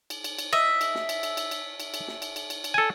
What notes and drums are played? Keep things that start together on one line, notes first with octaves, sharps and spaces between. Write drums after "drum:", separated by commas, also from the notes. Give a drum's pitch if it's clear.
drum: cymbal
drum: cymbal
drum: cymbal
D#5 E5
drum: cymbal
drum: snare
drum: cymbal
drum: cymbal
drum: cymbal
drum: cymbal
drum: cymbal
drum: cymbal
drum: snare
drum: cymbal
drum: cymbal
drum: cymbal
drum: cymbal
A4 G#5